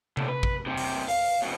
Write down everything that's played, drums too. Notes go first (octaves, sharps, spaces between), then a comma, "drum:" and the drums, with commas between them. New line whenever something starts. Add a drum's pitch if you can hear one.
A2 D3, drum: tom C3
B4
drum: kick
G2 C3
drum: open hi-hat
F5, drum: open hi-hat
F2 B2